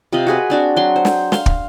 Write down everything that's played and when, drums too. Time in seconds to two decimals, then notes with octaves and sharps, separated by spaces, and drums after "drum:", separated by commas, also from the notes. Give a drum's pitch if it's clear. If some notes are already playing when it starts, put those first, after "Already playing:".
0.13 C3 F4 D#5 B5
0.27 F#4 G#4 B4
0.50 C4 D4 F#4
0.76 F#3 C6
0.96 C5
1.05 drum: snare
1.32 F5 C6, drum: snare
1.46 drum: kick